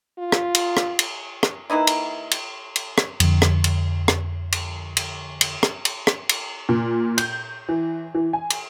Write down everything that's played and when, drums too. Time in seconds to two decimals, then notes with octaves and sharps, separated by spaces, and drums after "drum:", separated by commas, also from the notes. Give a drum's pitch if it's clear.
0.19 F4
0.32 drum: rim click
0.55 drum: cymbal
0.77 drum: rim click
0.99 drum: cymbal
1.43 drum: rim click
1.70 E3 A#3 D#4 E4
1.87 drum: cymbal
2.31 drum: cymbal
2.76 drum: cymbal
2.98 drum: rim click
3.20 F2 D3, drum: cymbal
3.42 drum: rim click
3.64 drum: cymbal
4.08 drum: rim click
4.52 drum: cymbal
4.97 drum: cymbal
5.41 drum: cymbal
5.63 drum: rim click
5.85 drum: cymbal
6.07 drum: rim click
6.29 drum: cymbal
6.69 A#2
7.18 G6, drum: cymbal
7.69 E3
8.15 E3
8.33 G#5
8.50 drum: cymbal